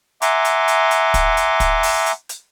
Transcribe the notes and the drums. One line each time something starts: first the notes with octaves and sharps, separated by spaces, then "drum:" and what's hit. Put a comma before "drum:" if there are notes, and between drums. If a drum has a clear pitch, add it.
E5 F#5 G#5 A#5 C6 D6, drum: hi-hat
drum: hi-hat
drum: hi-hat
drum: hi-hat
drum: kick, hi-hat
drum: hi-hat
drum: kick, hi-hat
drum: open hi-hat
drum: hi-hat
drum: hi-hat